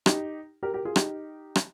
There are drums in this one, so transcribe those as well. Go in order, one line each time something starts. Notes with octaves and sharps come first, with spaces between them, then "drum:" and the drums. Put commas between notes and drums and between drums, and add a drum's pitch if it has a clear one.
D#4 G4, drum: rim click
G4 A#4
G4 A#4
F4 G#4
D#4 G4, drum: rim click
drum: rim click